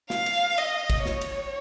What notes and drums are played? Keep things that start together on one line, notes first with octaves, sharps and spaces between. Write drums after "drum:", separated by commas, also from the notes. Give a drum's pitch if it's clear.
F5, drum: snare
drum: cymbal
D#5, drum: cymbal
drum: kick, cymbal
C#5, drum: snare
drum: cymbal